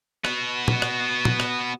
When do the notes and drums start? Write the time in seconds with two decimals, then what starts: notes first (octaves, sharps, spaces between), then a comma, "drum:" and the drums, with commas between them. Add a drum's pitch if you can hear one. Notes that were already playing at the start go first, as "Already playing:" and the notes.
0.25 B3 F#4, drum: rim click
0.68 drum: tom
0.82 drum: rim click
1.25 drum: tom
1.40 drum: rim click